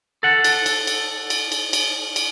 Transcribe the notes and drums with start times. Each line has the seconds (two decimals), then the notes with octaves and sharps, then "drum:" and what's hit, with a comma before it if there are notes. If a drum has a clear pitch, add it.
0.23 A4 F#5
0.44 drum: cymbal
0.66 drum: cymbal
0.87 drum: cymbal
1.30 drum: cymbal
1.52 drum: cymbal
1.73 drum: cymbal
2.16 drum: cymbal